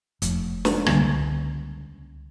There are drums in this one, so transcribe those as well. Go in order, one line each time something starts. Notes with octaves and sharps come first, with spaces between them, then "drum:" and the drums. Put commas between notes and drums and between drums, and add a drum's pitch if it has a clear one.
F1, drum: hi-hat
drum: snare
C#2 D3 G3 A#3, drum: rim click